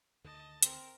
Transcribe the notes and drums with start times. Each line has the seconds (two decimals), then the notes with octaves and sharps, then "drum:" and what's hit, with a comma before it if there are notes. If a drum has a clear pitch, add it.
0.24 D2 D3 D#3 D#5 A5
0.63 C4 A#4, drum: hi-hat